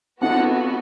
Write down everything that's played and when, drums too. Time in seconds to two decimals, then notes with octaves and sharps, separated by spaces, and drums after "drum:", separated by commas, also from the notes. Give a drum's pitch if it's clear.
0.21 B3 F#4 F#5, drum: cymbal